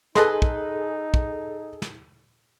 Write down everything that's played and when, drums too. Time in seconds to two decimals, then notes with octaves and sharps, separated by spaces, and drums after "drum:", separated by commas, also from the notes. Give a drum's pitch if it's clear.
0.15 D#4 G#4 A4 B4 D#5 C6, drum: snare
0.42 drum: kick
1.14 drum: kick
1.82 drum: snare